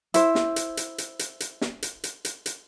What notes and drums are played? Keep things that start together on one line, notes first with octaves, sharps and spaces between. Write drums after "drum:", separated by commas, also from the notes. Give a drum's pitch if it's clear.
E4 C5, drum: hi-hat
drum: snare
drum: hi-hat
drum: hi-hat
drum: hi-hat
drum: hi-hat
drum: hi-hat
drum: snare
drum: hi-hat
drum: hi-hat
drum: hi-hat
drum: hi-hat